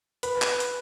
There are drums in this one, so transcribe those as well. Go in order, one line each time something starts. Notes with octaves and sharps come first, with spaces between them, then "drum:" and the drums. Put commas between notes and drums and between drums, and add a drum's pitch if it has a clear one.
B4, drum: hi-hat
drum: clap
drum: hi-hat